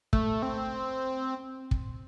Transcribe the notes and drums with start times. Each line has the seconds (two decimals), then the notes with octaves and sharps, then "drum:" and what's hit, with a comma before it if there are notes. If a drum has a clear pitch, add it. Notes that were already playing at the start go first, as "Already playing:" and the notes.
0.13 A3, drum: kick
0.42 C4
1.71 drum: kick